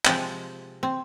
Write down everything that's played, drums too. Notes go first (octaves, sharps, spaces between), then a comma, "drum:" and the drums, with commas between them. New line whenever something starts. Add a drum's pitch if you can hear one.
C3 F3 G#3 C4, drum: clap
C4